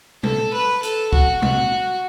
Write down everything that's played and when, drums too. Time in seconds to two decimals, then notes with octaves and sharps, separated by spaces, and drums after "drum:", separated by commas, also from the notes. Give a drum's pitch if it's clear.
0.23 A4, drum: tom
0.53 B4
0.83 A4, drum: hi-hat
1.13 F#4, drum: kick
1.42 F#4, drum: tom